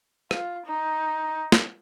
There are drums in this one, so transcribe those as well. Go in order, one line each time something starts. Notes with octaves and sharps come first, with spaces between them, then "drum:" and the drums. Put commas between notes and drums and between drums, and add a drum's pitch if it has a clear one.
F4, drum: rim click
D#4
drum: snare